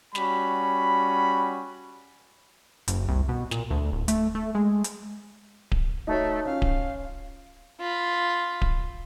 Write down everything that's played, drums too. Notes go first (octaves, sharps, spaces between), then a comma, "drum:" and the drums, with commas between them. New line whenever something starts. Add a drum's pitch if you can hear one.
G3 C#4 F#4 B5, drum: snare
F#1, drum: hi-hat
C2
B2
A#2, drum: snare
D2
D1
A3, drum: hi-hat
A3
G#3
drum: hi-hat
drum: kick D1
A3 D#4 F#4 C#5
C#4 F4 F5
drum: kick D1
F4 B5
drum: kick D1